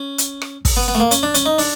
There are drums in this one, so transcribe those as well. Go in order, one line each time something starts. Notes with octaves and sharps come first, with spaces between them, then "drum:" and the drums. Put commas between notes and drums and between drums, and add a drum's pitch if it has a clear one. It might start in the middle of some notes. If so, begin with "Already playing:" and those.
Already playing: C#4
drum: hi-hat
drum: rim click
drum: kick, open hi-hat
B3
B3
A3
A#3
C#4, drum: hi-hat
D4
C#4, drum: hi-hat
D#4
D4, drum: open hi-hat